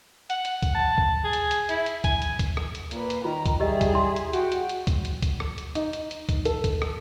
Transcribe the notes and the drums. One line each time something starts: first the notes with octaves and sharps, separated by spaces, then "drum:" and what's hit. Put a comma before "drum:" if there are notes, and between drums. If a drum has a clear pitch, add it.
F#5, drum: hi-hat
drum: hi-hat
drum: kick C2, hi-hat
A5
drum: kick C2
G#4
drum: hi-hat
drum: hi-hat
E4, drum: hi-hat
drum: hi-hat
G#5, drum: kick C2, hi-hat
drum: hi-hat
drum: kick C2, hi-hat
drum: rim click
drum: hi-hat
A#2 A#3 B4, drum: hi-hat
drum: hi-hat
D#3 F4 A#4 A#5
drum: kick C2, hi-hat
G3 G4 G#4 A#4 D#5 E5
drum: kick C2, hi-hat
E4 C6
drum: hi-hat
F#4 G5, drum: hi-hat
drum: hi-hat
drum: hi-hat
drum: kick C2, hi-hat
drum: hi-hat
drum: kick C2, hi-hat
drum: rim click
drum: hi-hat
D#4, drum: hi-hat
drum: hi-hat
drum: hi-hat
drum: kick C2, hi-hat
A4, drum: hi-hat
drum: kick C2, hi-hat
drum: rim click